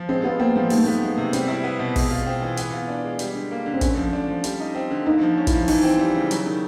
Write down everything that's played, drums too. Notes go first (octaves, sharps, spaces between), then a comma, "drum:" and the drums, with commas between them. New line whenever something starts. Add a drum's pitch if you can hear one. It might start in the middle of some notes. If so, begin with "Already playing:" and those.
Already playing: F3
G#3 C4
B3 F4
A#3 C4
F3 A3
D#3 A#3, drum: open hi-hat
A3
A#3 B3
G#3
C3
G3 C4, drum: hi-hat
E4
B3
B2
G#3, drum: kick, open hi-hat
F4
C4
E3
B3, drum: hi-hat
F4
D4
G#3
G3, drum: hi-hat
D3
A#3
D3
C4
A3 C#4, drum: kick, hi-hat
F3
D4
F3
G3, drum: hi-hat
D#4
C4
D3
A#3 D#4
F3
C#4
E4, drum: kick, hi-hat
F3
E3 D#4, drum: open hi-hat
C4
G3
C#3
F#3, drum: hi-hat
D#3